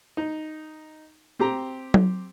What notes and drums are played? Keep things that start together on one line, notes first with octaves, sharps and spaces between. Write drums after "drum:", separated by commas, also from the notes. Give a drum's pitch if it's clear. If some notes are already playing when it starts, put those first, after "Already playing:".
D#4
C4 G4 A#5
drum: tom F#3